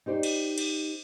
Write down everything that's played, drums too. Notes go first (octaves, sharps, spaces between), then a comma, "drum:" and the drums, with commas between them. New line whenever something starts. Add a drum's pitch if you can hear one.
D#4 G4 C5 D5
drum: cymbal
drum: cymbal